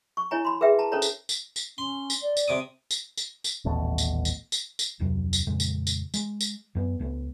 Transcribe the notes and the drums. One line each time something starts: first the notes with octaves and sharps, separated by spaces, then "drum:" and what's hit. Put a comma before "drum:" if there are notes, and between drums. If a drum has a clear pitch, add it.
C#6
E4 C#5 G#5 A#5
B5 C6
G#4 A#4 B4 E5 G5
A5 A#5
C#4 A4 A#4 C5 C#5 A#5
drum: tambourine
drum: tambourine
drum: tambourine
C#4 C6
drum: tambourine
D5
drum: tambourine
C3 D6 D#6
drum: tambourine
drum: tambourine
drum: tambourine
D#1 A1 B2 A3
drum: tambourine
drum: tambourine
drum: tambourine
drum: tambourine
D1 F2 C3 F#3
drum: tambourine
F2 A#2 C#3 G#3
drum: tambourine
drum: tambourine
G#3, drum: tambourine
drum: tambourine
F#2 B3
C#2 A3 B3